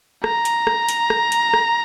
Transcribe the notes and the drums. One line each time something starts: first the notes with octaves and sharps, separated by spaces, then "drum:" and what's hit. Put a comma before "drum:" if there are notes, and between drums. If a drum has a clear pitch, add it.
A#5, drum: rim click
drum: hi-hat
drum: rim click
drum: hi-hat
drum: rim click
drum: hi-hat
drum: rim click